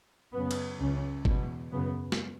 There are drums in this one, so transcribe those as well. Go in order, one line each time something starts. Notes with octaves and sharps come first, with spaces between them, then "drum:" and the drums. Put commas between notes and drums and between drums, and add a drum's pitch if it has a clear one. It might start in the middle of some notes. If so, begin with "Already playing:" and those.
F#2 C#3 B3
drum: cymbal
C#2 C#3 C#4
E2 B2, drum: kick G1
F#2 C#3 B3
drum: snare